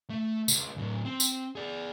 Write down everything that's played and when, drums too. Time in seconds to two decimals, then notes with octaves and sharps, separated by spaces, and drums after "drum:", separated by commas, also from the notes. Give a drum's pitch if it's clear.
0.10 A3
0.48 C#2, drum: tambourine
0.78 A2 F#3
1.05 C4
1.20 drum: tambourine
1.55 G#4 D5